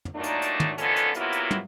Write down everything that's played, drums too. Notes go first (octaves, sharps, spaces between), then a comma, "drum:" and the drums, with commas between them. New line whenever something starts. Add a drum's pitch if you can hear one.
drum: tom
A#2 F#3 A3 A#3 D4 D#4
drum: hi-hat
drum: hi-hat
drum: tom
D3 D#3 F3 B3 C#4 A4, drum: hi-hat
drum: hi-hat
C3 F#3 A#3 B3 E4 F4, drum: hi-hat
drum: hi-hat
drum: tom